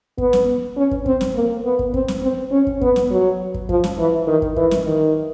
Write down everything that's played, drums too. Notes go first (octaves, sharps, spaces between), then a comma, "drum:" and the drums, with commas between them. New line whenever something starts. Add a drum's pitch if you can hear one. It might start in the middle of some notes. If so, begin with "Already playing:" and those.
B3, drum: kick
drum: snare
C#4
drum: kick
C4, drum: kick
drum: snare
A#3
B3
drum: kick
C4, drum: kick
drum: snare
C4
C#4
drum: kick
B3, drum: kick
drum: snare
F#3
drum: kick
F3, drum: kick
drum: snare
E3
D#3
drum: kick
E3, drum: kick
drum: snare
D#3